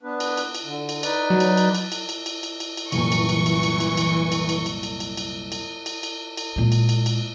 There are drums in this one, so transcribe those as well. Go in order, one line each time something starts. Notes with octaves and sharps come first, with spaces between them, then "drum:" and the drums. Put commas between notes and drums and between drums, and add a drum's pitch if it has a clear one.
B3 D4 B4
drum: cymbal
drum: cymbal
drum: cymbal
D3
drum: cymbal
D#4 B4 D5, drum: cymbal
F#3
drum: cymbal
drum: cymbal
drum: cymbal
drum: cymbal
drum: cymbal
drum: cymbal
drum: cymbal
drum: cymbal
drum: cymbal
C2 F#2 A#2 E3 C#6, drum: cymbal
drum: cymbal
drum: cymbal
drum: cymbal
drum: cymbal
drum: cymbal
drum: cymbal
drum: cymbal
drum: cymbal
drum: cymbal
drum: cymbal
drum: cymbal
drum: cymbal
drum: cymbal
drum: cymbal
drum: cymbal
drum: cymbal
A#2 G#3
drum: cymbal
drum: cymbal
drum: cymbal